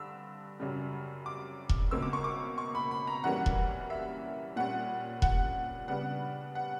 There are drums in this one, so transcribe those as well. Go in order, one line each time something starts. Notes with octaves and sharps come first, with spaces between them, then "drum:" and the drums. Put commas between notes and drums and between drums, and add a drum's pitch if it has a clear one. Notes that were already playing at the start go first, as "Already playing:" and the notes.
Already playing: G2 D3 E6
F#2 C#3 G3
D6
drum: kick E1
C#2 B2 A#3 C#4 E6
D6
C#6
D6
C#6
B5
B5
A#5
F#2 E3 G3 A#3 C#4 F#5
drum: kick E1
E5
A#2 G3 C#4 F#5
F#5, drum: kick E1
C#3 G3 B3 D4 F#5
F#5